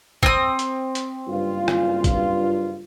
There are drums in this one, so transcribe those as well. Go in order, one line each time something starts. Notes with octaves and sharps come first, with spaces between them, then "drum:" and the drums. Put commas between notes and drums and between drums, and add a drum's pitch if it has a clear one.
C4 D#6, drum: kick
drum: hi-hat
drum: hi-hat
F#1 G2 F4
drum: rim click
drum: kick, hi-hat